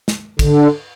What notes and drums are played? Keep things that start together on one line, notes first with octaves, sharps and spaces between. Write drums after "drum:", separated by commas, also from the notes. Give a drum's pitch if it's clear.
drum: snare
D3, drum: kick, cymbal